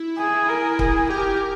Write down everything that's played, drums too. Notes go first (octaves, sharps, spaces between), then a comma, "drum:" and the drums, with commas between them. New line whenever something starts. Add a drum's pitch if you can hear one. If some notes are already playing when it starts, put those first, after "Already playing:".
Already playing: E4
G#4
A#4
G#4, drum: kick
G4 A#4